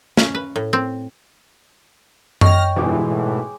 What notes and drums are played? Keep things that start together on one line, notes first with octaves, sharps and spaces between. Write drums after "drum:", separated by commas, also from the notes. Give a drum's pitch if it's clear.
C#4, drum: snare
B4
A2
C4
C#5 D#5 G5 C#6 F6 A#6, drum: tom F#2
G1 G#2 B2 E3 G#3 D6
A2